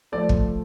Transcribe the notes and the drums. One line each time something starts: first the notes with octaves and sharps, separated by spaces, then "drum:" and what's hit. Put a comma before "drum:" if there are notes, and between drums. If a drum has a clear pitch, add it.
F3 A3 D5
drum: kick